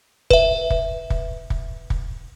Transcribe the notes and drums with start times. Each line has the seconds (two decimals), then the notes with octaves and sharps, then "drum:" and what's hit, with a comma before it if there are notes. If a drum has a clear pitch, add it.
0.30 B4 E5, drum: kick
0.70 drum: kick
1.10 drum: kick
1.50 drum: kick
1.90 drum: kick